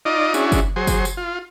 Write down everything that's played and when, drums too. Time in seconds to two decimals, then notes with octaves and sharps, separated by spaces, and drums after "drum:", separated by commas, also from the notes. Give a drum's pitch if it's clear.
0.05 D#4 F4 D5 D#5
0.34 C#4 D4 E4 F#4 G#4, drum: tambourine
0.52 drum: kick F#1, tambourine
0.76 F#3 G#4 C5
0.87 drum: kick F#1, tambourine
1.05 drum: tambourine
1.17 F4